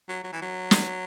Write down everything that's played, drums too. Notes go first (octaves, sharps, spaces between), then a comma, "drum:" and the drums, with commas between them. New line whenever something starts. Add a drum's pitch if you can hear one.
F#3
F#3
E3
F#3
drum: snare